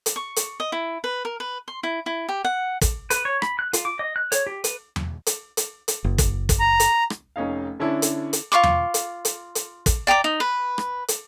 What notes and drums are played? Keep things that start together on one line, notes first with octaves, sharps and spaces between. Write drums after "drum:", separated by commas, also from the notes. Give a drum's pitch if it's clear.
drum: hi-hat
C#6
drum: hi-hat
D#5
E4
B4
A#4
B4
C6
E4
E4
G4
F#5
drum: kick, hi-hat
B4, drum: hi-hat
C#5
B5, drum: rim click
F#6
F4, drum: hi-hat
D6
D#5
F#6
C#5, drum: hi-hat
G4
B4, drum: hi-hat
drum: tom E2
drum: hi-hat
drum: hi-hat
drum: hi-hat
F#1
drum: kick, hi-hat
drum: kick, hi-hat
A#5
drum: hi-hat
drum: rim click
F1 C#4 D#4 F5
D3 C#4 D4 E4
drum: hi-hat
drum: hi-hat
F4 C5 C#6 D6
drum: tom E2
drum: hi-hat
drum: hi-hat
drum: hi-hat
drum: kick, hi-hat
D5 G5 A#5 D6
D#4
B4
drum: rim click
drum: hi-hat